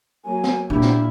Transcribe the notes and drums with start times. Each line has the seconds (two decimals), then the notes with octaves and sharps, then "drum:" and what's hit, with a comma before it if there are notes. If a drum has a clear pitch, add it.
0.25 F#3 A#3 G#5
0.44 drum: snare
0.70 A#2 D4 E4 G4
0.82 drum: snare